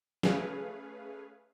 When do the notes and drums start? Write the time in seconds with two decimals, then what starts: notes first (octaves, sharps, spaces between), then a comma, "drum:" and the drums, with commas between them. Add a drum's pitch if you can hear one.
0.23 A3 C#4 G#4 B4 F5, drum: snare